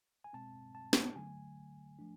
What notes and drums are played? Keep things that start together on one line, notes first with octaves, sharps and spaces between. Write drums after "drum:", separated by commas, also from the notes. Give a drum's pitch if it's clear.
G#5
B2 G#3 C4 A5
A5
drum: snare
D3 F#3 A3 G#5
F3 A3 D4